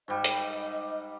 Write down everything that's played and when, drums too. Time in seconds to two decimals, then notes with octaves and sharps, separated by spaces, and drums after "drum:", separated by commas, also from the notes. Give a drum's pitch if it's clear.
0.08 G#2 G3 D#5
0.24 drum: hi-hat